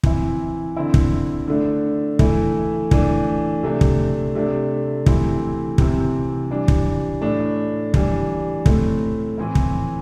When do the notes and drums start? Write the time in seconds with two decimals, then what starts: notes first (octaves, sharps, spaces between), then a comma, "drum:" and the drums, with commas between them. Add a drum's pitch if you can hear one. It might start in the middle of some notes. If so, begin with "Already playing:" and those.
0.03 E3 C4 E4, drum: kick
0.76 D3 C4 E4
0.94 drum: kick
1.47 D3 A3 D4
2.19 E3 A3 E4, drum: kick
2.91 E3 A3 D4, drum: kick
3.63 C3 A3 D4
3.81 drum: kick
4.35 C3 A3 D4
5.06 C3 E3 A3 C4 E4, drum: kick
5.78 C3 E3 C4, drum: kick
6.51 E3 G3 D4
6.68 drum: kick
7.21 A2 A3 D4
7.94 E3 G3 D4, drum: kick
8.66 A2 A3 C4, drum: kick
9.38 A2 E3 C4 E4
9.55 drum: kick